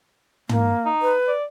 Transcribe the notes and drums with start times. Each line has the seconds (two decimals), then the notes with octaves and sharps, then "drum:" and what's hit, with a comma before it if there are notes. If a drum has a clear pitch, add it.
0.49 A#3, drum: tom
0.86 D#4
1.02 B4
1.28 D5